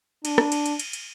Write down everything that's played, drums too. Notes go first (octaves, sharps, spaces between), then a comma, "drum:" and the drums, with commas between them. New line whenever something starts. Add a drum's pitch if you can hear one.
D4, drum: cymbal
drum: rim click
drum: cymbal
drum: cymbal
drum: cymbal
drum: cymbal